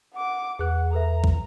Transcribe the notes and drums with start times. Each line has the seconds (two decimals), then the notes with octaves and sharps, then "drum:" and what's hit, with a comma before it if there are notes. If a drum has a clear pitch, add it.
0.14 F#5 D6
0.59 E2 G#4 B4 F#5 F#6
0.93 A4 B4 E5 A#5
1.24 drum: kick